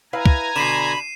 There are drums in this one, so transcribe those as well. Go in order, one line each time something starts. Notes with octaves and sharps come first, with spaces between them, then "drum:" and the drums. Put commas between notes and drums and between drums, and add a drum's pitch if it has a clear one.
E4 B4 F5 G#5 A#5
drum: kick
B2 D3 B5 C7 D#7 E7